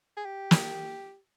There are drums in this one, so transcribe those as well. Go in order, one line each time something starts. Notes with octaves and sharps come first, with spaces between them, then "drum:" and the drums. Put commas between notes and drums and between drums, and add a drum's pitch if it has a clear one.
G#4
G4
drum: snare